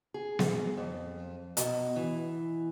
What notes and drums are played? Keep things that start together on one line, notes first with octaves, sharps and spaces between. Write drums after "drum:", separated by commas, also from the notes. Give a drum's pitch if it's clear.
G#4
drum: snare B3
F2
B2, drum: hi-hat
E3